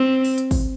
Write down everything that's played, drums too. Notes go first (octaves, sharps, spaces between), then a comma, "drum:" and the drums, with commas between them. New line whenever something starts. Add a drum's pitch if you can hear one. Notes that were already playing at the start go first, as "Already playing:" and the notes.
Already playing: C4
drum: open hi-hat
drum: hi-hat
drum: kick, open hi-hat